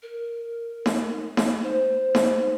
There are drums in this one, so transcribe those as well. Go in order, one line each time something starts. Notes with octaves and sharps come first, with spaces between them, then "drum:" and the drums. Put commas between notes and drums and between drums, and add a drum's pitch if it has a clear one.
A#4
drum: snare D#4
drum: snare D#4
C5
drum: snare D#4